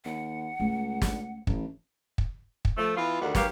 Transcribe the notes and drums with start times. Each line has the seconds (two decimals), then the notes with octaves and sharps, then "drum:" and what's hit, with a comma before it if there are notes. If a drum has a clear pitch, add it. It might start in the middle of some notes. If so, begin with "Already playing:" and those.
0.05 D#2 F#5
0.60 C#2 A3
1.02 drum: snare
1.47 A1 E3, drum: kick
2.18 drum: kick
2.65 drum: kick
2.77 F3 A3
2.95 E3 B3 F4
3.20 D2 D#3 G3 F#5
3.35 F#3 A#3 G4 B4 F5, drum: snare